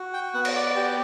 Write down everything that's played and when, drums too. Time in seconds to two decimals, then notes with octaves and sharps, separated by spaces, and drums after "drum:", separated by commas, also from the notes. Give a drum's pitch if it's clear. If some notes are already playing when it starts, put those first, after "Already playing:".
Already playing: F#4
0.13 G5
0.34 B3 F#5
0.45 drum: cymbal
0.55 D5
0.75 G4